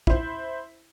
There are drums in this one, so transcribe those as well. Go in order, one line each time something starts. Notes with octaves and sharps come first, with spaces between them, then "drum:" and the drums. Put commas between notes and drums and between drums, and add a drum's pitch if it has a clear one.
E4 C5, drum: kick